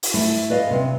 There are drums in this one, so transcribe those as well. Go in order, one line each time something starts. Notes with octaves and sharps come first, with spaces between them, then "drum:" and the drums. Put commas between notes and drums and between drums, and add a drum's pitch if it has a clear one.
drum: open hi-hat
A3 E4
B4 D5 D#5 F5
C3 C4